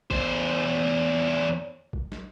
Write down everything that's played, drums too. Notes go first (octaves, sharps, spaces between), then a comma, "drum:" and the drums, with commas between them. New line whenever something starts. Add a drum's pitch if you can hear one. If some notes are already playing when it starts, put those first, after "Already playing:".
E2 C5, drum: kick
drum: kick
drum: snare